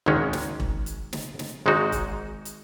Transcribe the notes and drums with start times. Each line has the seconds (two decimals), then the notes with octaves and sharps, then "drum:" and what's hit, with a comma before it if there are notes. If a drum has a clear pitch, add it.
0.06 G#1 G#2 D#3 G#3 C#4, drum: tom
0.33 drum: snare
0.60 drum: kick E1
0.86 drum: hi-hat
1.13 drum: snare
1.39 drum: snare
1.66 G#1 G#2 G#3 D#4 F#4
1.92 drum: kick E1, hi-hat
2.45 drum: hi-hat